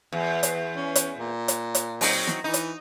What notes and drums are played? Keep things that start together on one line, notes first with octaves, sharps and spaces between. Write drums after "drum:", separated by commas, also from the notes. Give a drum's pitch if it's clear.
E2
drum: hi-hat
C#4
drum: hi-hat
A#2
drum: hi-hat
drum: hi-hat
F#3 C4 D#4, drum: open hi-hat
drum: snare
E3 D#4
drum: hi-hat